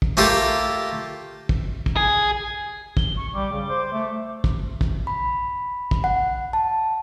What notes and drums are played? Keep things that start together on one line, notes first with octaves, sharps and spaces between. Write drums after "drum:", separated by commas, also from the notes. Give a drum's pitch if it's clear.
drum: kick
A3 A#3 F4 G4 A4
drum: kick
drum: kick
G#4
G7, drum: kick
C#6
G3 D6
C#3
C5
A3
drum: kick
drum: kick
B5
drum: kick
F#5
A5